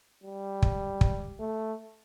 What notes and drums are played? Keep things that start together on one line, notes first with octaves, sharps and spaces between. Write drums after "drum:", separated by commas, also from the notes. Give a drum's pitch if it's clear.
G3
drum: kick
drum: kick
A3